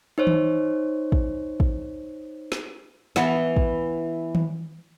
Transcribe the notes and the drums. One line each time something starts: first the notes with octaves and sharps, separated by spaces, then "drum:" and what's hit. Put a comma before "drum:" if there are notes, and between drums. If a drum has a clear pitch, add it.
D#4 C5 C#5
drum: tom D#3
drum: kick
drum: kick
drum: snare
E3 B3, drum: snare
drum: kick
drum: tom D#3